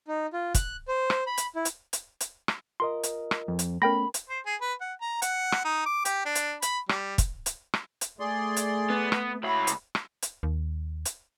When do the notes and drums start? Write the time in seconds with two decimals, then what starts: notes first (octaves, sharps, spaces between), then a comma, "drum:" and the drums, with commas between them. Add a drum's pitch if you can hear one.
0.08 D#4
0.33 F4
0.55 F#6, drum: kick, hi-hat
0.88 C5
1.10 drum: rim click
1.27 B5
1.37 drum: hi-hat
1.56 E4
1.65 drum: hi-hat
1.93 drum: hi-hat
2.20 drum: hi-hat
2.48 drum: rim click
2.80 F4 A#4 D#5 C6
3.03 drum: hi-hat
3.31 drum: rim click
3.48 F2
3.59 drum: hi-hat
3.82 A3 B3 C#4 A#4 G5 B5 A#6
4.14 drum: hi-hat
4.29 C5
4.46 G#4
4.61 B4
4.81 F#5
5.01 A#5
5.22 F#5, drum: hi-hat
5.52 drum: rim click
5.65 D#4
5.86 D6
6.05 G4, drum: hi-hat
6.26 D4
6.35 drum: hi-hat
6.62 B5, drum: hi-hat
6.89 G3, drum: rim click
7.18 drum: kick, hi-hat
7.46 drum: hi-hat
7.74 drum: rim click
8.01 drum: hi-hat
8.20 A3 G#4 D5 C6
8.56 drum: hi-hat
8.90 B3
9.12 drum: rim click
9.43 C#2 E4 F#4 C#5 B5
9.67 drum: hi-hat
9.95 drum: rim click
10.22 drum: hi-hat
10.43 D#2
11.05 drum: hi-hat